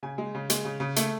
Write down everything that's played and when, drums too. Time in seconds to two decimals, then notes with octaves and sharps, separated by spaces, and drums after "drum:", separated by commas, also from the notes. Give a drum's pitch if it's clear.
0.03 C#3 G#5
0.18 G#3
0.35 C#3
0.50 G#3, drum: hi-hat
0.65 C#3
0.80 C#3
0.96 A3, drum: hi-hat